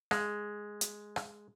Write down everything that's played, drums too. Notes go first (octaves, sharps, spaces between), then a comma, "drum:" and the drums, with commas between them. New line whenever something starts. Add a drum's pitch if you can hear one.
G#3, drum: rim click
drum: hi-hat
drum: rim click